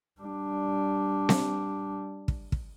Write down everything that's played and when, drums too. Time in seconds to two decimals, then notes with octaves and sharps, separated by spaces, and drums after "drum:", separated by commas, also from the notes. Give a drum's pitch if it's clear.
0.21 G3 D4
1.29 drum: snare C4
2.28 drum: kick
2.52 drum: kick